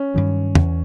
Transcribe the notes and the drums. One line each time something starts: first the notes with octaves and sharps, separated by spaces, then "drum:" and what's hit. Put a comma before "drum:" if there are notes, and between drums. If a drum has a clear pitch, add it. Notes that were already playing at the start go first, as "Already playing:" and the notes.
Already playing: C#4
G2 D#3 F#3
E2, drum: tom